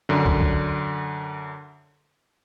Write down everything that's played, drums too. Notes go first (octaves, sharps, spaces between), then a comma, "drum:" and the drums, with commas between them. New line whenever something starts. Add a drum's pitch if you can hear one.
F#2 D3
drum: kick
drum: kick